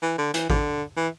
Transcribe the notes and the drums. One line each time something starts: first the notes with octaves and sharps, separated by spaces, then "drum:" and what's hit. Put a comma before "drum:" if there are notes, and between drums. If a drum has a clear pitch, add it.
E3
D3
E3, drum: hi-hat
D3, drum: kick A1
E3